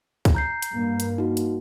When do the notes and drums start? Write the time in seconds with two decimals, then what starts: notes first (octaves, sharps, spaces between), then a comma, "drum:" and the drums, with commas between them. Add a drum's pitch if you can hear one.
0.25 drum: kick, hi-hat
0.35 A#5 G6 C7
0.62 drum: hi-hat
0.75 G2 A#3
1.00 drum: hi-hat
1.18 D#4 F#4
1.37 drum: hi-hat